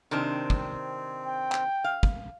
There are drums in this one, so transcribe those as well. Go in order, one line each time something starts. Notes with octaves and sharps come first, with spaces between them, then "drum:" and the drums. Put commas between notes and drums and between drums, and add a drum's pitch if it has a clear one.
C3 D#3 C4 D4
drum: kick
G5
drum: clap
F5
drum: kick